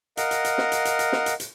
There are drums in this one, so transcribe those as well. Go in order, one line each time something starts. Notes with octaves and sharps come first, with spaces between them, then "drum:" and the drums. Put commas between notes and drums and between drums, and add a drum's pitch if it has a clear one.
A#4 D#5 F5 F#5, drum: hi-hat
drum: hi-hat
drum: hi-hat
drum: snare
drum: hi-hat
drum: hi-hat
drum: hi-hat
drum: snare
drum: hi-hat
drum: hi-hat